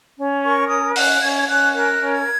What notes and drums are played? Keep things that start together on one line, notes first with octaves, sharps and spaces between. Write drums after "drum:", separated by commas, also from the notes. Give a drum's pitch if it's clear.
C#4
A#4 C#6
C#4 D#6
C#4 F#6, drum: open hi-hat
C#4 G#6
G#6
C#4 F#6
A#4 F#6
C#4
G#6